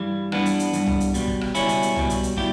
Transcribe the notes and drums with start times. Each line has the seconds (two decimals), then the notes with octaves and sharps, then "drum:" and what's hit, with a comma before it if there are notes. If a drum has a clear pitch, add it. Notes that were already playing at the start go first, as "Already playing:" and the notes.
Already playing: G2 E3 G3
0.32 G2 E3 G3 B3 D4, drum: rim click
0.46 drum: hi-hat
0.59 drum: hi-hat
0.73 G2 E3 G3, drum: hi-hat
0.87 drum: tom C2
1.00 drum: hi-hat
1.14 C#2 B2 G3, drum: hi-hat
1.28 drum: kick
1.41 drum: rim click
1.55 C#2 B2 G3 C#4 E4, drum: hi-hat
1.69 drum: hi-hat
1.82 drum: hi-hat
1.96 C#2 B2 G3, drum: tom C2
2.10 drum: hi-hat
2.23 drum: hi-hat
2.37 B2 G3 E4 G4, drum: kick